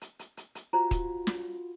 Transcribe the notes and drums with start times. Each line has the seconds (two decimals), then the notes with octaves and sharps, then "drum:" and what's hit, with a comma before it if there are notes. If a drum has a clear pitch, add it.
0.01 drum: hi-hat
0.19 drum: hi-hat
0.37 drum: hi-hat
0.55 drum: hi-hat
0.73 F4 F#4 C5 A#5
0.91 drum: kick D#1, hi-hat
1.27 drum: snare